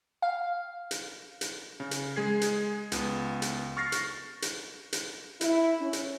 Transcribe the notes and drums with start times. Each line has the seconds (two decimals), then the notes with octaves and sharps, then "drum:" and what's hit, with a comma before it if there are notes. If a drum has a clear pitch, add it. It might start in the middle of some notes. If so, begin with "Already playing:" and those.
0.22 F5
0.91 drum: hi-hat
1.41 drum: hi-hat
1.80 C#3
1.91 drum: hi-hat
2.16 G#3 G#4 G#6 C7
2.41 drum: hi-hat
2.92 C#2 B3, drum: hi-hat
3.42 drum: hi-hat
3.77 C#6 F6 A6 A#6 C7
3.92 drum: hi-hat
4.42 drum: hi-hat
4.93 drum: hi-hat
5.41 E4, drum: hi-hat
5.80 C#4
5.93 drum: hi-hat